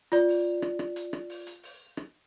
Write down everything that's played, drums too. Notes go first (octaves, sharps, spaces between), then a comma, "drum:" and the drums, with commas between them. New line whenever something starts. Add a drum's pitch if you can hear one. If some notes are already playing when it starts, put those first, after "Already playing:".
F4 D5, drum: hi-hat
drum: open hi-hat
drum: rim click
drum: rim click
drum: hi-hat
drum: rim click
drum: open hi-hat
drum: hi-hat
drum: open hi-hat
drum: rim click